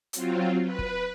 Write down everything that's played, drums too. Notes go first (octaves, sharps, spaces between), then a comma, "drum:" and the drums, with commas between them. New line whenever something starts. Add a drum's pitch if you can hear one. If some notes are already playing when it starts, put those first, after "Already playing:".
F#3 C4 F4, drum: hi-hat
B4
drum: kick